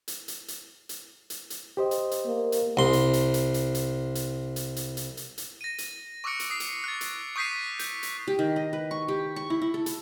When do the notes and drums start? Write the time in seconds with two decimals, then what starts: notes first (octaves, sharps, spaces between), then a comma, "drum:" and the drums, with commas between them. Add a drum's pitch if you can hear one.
0.08 drum: hi-hat
0.28 drum: hi-hat
0.48 drum: hi-hat
0.89 drum: hi-hat
1.30 drum: hi-hat
1.50 drum: hi-hat
1.77 G4 C5 D#5
1.91 drum: hi-hat
2.11 drum: hi-hat
2.26 A#3
2.52 drum: hi-hat
2.77 C2 C6
2.93 drum: hi-hat
3.13 drum: hi-hat
3.34 drum: hi-hat
3.54 drum: hi-hat
3.75 drum: hi-hat
4.15 drum: hi-hat
4.56 drum: hi-hat
4.76 drum: hi-hat
4.97 drum: hi-hat
5.17 drum: hi-hat
5.38 drum: hi-hat
5.61 A#6 D#7
5.78 drum: hi-hat
6.24 C#6 D6 E6 F#6 C#7 D7
6.40 drum: hi-hat
6.50 D#6 C7
6.60 drum: hi-hat
6.84 F#6 A6
7.01 drum: hi-hat
7.36 C#6 D#6 G6 B6 C7 D#7
7.79 G6, drum: hi-hat
8.03 drum: hi-hat
8.27 G4
8.39 D#3
8.56 D#5
8.73 B4
8.91 C#6
9.08 G4
9.36 C#6
9.50 E4
9.62 E4
9.74 A4
9.86 A4, drum: hi-hat